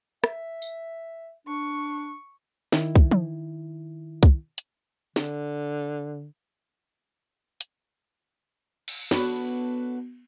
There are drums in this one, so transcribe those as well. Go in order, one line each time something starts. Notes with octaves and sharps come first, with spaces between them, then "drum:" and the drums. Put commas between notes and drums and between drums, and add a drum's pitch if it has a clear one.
E5, drum: rim click
drum: tambourine
D4 C#6
D#3 E4, drum: snare
drum: kick C2
drum: tom
drum: kick C2
drum: hi-hat
D3, drum: snare
drum: hi-hat
drum: cymbal
B3 D4 F#4 A4 B4 C#5, drum: snare